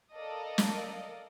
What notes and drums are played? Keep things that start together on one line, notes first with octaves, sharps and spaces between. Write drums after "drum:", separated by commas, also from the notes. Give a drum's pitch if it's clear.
A4 A#4 D5 D#5 F5
drum: snare